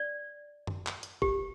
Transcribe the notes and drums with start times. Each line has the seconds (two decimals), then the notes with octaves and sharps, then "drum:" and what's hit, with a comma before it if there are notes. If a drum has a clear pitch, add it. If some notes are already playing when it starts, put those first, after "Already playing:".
Already playing: D5
0.67 drum: tom F#2
0.87 drum: clap
1.03 drum: hi-hat
1.22 G4, drum: kick